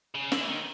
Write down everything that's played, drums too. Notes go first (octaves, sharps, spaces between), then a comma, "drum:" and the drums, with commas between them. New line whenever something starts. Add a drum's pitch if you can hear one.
C#3
D3, drum: snare
E3
D#3